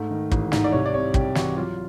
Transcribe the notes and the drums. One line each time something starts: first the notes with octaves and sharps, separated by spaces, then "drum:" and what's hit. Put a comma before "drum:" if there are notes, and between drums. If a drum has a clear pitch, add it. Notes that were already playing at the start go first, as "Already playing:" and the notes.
Already playing: G#2 A3
D#3
A1, drum: kick
G#2, drum: snare
D5
C2 C#5
D5
C3 C#5
C2 G4, drum: kick
E3 F#4, drum: snare
F#3 F4